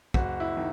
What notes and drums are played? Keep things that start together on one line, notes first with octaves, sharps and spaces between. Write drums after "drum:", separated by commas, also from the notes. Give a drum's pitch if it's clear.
F#1 F#4, drum: kick
E4
D#3